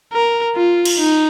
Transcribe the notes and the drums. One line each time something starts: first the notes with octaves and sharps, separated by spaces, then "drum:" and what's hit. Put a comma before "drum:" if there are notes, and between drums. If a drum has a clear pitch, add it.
A#4
F4
drum: cymbal
D#4